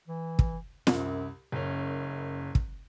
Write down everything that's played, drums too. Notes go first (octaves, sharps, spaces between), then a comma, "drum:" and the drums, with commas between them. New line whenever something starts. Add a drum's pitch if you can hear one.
E3
drum: kick
C2 F#2, drum: snare
F#1 F#2 C#4
drum: kick